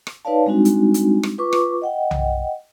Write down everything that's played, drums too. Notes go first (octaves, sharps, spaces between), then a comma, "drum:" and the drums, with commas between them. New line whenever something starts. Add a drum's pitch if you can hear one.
drum: rim click
D#4 B4 C#5 D5 F5 A5
G3 G#3 C4 D4 D#4 F#4
drum: hi-hat
drum: hi-hat
drum: rim click
F4 B4 C#6 D6
drum: rim click
D#5 F#5 G5
drum: tom B1